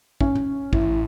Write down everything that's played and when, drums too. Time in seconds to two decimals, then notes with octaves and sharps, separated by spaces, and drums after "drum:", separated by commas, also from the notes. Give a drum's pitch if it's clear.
0.21 C#4, drum: kick
0.35 drum: tom
0.73 A1 E4, drum: kick